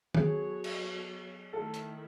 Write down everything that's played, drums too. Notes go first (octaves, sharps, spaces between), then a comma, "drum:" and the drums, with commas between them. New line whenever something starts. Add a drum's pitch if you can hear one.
F#3 B3 F#4 G#4 A4 C#5, drum: tom
drum: cymbal
D#3 A3 E4 A4
drum: hi-hat